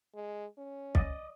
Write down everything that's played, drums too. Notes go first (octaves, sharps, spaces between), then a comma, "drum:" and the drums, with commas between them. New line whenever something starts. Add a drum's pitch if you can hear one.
G#3
C#4
D5 D#5, drum: kick